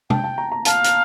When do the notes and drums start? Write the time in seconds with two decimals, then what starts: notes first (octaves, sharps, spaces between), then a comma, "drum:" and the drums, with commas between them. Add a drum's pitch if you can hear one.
0.10 G5 A5, drum: tom
0.24 A5
0.38 A#5
0.52 A#5
0.65 F5 A5, drum: hi-hat
0.84 drum: hi-hat